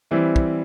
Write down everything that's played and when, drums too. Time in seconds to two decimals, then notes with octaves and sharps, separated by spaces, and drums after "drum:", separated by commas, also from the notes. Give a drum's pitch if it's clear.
0.11 E3 G3 C4 E4
0.36 drum: kick